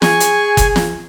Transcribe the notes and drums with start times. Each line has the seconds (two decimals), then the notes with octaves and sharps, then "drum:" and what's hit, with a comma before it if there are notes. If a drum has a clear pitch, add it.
0.02 G#4 G#5 C#6, drum: snare
0.20 drum: hi-hat
0.57 drum: kick F#1, hi-hat
0.76 drum: snare